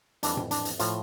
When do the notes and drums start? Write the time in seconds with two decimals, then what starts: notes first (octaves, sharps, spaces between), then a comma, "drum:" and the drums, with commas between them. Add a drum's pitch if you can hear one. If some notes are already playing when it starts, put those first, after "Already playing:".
0.23 F2 E3 G3 D4, drum: hi-hat
0.37 drum: tom A2
0.51 D4, drum: hi-hat
0.65 drum: hi-hat
0.79 A2 F3 F4, drum: hi-hat